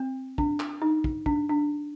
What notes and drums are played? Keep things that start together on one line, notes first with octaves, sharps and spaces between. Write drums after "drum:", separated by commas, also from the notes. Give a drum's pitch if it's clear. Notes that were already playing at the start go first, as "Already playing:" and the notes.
Already playing: C4
D4, drum: kick
drum: clap
D#4
drum: kick
D4, drum: kick
D4